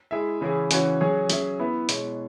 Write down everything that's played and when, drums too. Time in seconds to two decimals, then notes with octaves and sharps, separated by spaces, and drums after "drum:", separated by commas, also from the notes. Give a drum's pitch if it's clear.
0.11 G#3 E4 G#4 E5
0.41 C#3 E3 C#4 E4 G#4
0.71 C#3 E3 C#4 F#4 C#5, drum: hi-hat
1.01 F#3 C#4 G#4 C#5
1.30 F#3 C#4 G#4 E5, drum: hi-hat
1.59 B3 E4 B4 E5
1.89 B2 G#3 E4 C#5, drum: hi-hat